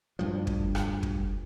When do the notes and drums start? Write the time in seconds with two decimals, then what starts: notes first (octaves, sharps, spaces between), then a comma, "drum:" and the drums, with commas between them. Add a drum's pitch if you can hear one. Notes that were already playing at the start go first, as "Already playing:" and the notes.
0.19 D2 G2 F3
0.47 drum: kick
0.75 drum: rim click
1.03 drum: kick